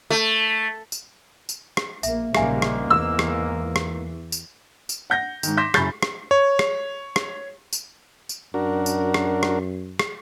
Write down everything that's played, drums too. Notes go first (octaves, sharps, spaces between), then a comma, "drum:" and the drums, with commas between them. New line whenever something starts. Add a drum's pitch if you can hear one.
A3
drum: tambourine
drum: tambourine
drum: rim click
A#1 A#3 E5, drum: tambourine
A#1 G#2 C#3 G3 A#3 E5 F5 G#5, drum: rim click
drum: rim click
E2 E3 E6
drum: rim click
drum: rim click
drum: tambourine
drum: tambourine
F#5 G6 A#6
G#2 D#3, drum: tambourine
C6 D6 G6 A#6 B6 E7
F#1 F#2 B5 C#6 G6 A6, drum: rim click
drum: rim click
C#5
drum: rim click
drum: rim click
drum: tambourine
drum: tambourine
F#2 D4 F#4 A#4
drum: tambourine
drum: rim click
drum: rim click
drum: rim click